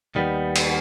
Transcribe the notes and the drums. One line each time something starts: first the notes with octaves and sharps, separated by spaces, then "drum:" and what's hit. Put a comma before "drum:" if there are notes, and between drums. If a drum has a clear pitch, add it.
D#2 D#3 G3 B3
drum: cymbal